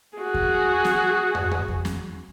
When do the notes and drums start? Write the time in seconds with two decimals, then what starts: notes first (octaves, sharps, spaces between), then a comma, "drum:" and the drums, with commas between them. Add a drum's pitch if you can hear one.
0.18 F#4 G#4
0.34 drum: kick E2
0.85 drum: snare
1.35 drum: tom
1.51 drum: tom
1.68 drum: kick E2
1.85 drum: snare